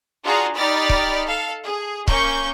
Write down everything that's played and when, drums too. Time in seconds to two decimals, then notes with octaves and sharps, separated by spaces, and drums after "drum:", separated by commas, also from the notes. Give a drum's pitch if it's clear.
0.24 D4 F4 F#4 G#4 F5 A#5
0.56 D#4 G4 D5 B5 F6 A6
0.89 drum: kick
1.27 A4 F5
1.64 G#4
2.08 A#3 C#4 C#6 G6, drum: kick